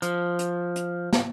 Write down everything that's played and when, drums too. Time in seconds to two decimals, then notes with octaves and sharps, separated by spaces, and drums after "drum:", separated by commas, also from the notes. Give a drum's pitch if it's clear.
0.02 F3, drum: hi-hat
0.39 drum: hi-hat
0.76 drum: hi-hat
1.13 drum: snare